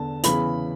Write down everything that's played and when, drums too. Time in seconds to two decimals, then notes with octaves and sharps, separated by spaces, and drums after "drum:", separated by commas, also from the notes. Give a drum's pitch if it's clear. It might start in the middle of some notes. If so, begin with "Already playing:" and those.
Already playing: E2 D3 A5
0.24 E2 C#3 E3 B5, drum: hi-hat